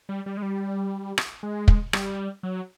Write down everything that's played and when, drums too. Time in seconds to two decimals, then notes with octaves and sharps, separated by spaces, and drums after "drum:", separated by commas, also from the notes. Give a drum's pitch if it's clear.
0.09 G3
0.26 G3
0.37 G#3
0.42 G3
1.18 drum: rim click
1.43 G#3
1.68 drum: kick
1.93 G3, drum: rim click
2.43 F#3